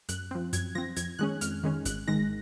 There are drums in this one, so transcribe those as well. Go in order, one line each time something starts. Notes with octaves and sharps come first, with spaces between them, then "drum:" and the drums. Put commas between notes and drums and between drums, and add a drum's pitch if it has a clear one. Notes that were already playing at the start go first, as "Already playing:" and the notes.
F#2 F#6, drum: hi-hat
F3 C4
F#2 G#6, drum: hi-hat
F3 C4 A#6
F2 G#6, drum: hi-hat
D#3 G#3 C#4 F#6
F2 F6, drum: hi-hat
D#3 G#3 C#4
G#1 F#6, drum: hi-hat
G#2 D#3 G#3 A#6